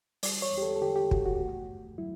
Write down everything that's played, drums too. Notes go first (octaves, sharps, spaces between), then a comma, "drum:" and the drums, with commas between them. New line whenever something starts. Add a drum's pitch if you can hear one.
G3 D5, drum: open hi-hat
C#5
E2
G4
A4
A4
D3 G4
G4
E2 F#4, drum: kick
F#4
A3
G2
F#3 E4